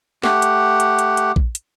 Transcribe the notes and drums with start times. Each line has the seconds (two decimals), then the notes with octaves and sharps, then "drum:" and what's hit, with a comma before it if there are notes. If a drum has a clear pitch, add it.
0.24 A3 G4 F#5, drum: snare
0.42 drum: hi-hat
0.80 drum: hi-hat
0.99 drum: hi-hat
1.17 drum: hi-hat
1.36 drum: kick A#1
1.55 drum: hi-hat